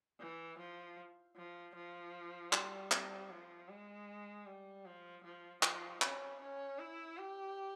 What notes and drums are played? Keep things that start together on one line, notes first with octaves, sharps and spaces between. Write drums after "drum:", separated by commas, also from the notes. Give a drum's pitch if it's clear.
E3
F3
F3
F3
G3, drum: clap
drum: clap
F3
G#3
G3
F3
F3
F3, drum: clap
C#4, drum: clap
C#4
E4
G4